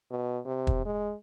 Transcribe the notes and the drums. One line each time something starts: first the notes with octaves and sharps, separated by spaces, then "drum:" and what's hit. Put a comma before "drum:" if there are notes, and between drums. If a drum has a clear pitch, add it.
B2
C3
drum: kick
G#3